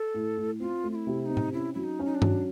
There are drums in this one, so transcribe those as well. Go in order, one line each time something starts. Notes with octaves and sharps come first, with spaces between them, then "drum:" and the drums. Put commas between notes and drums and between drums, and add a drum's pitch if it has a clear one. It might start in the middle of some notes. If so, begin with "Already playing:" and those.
Already playing: A4
A2
A2
C4 F4
A3
F4
E4
C3
E4
C4 D#4
drum: tom A2
C#4 E4
F#3 E4
D#4
C#4
D#4
D4
F#3, drum: tom G2